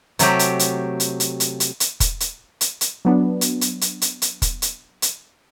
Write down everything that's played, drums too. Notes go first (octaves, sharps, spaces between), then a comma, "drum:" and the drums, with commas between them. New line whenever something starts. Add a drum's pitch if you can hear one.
C3 F#3 A3 G4, drum: hi-hat
drum: hi-hat
drum: hi-hat
drum: hi-hat
drum: hi-hat
drum: hi-hat
drum: hi-hat
drum: hi-hat
drum: kick, hi-hat
drum: hi-hat
drum: hi-hat
drum: hi-hat
F#3 B3 D4
drum: hi-hat
drum: hi-hat
drum: hi-hat
drum: hi-hat
drum: hi-hat
drum: kick, hi-hat
drum: hi-hat
drum: hi-hat